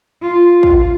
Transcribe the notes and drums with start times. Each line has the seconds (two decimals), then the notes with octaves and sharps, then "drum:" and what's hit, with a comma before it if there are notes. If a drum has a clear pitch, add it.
0.23 F4
0.63 drum: kick